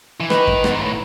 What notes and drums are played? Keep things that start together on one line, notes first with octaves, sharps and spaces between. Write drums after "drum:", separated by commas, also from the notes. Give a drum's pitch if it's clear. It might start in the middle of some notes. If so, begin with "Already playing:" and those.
E3
D#3 B4, drum: rim click
drum: kick F#2
B2, drum: rim click
G#2
A2